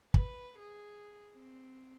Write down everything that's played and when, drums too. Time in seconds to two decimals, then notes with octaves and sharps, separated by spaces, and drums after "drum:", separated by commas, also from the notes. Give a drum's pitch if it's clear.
0.14 B4, drum: kick
0.59 G#4
1.34 C4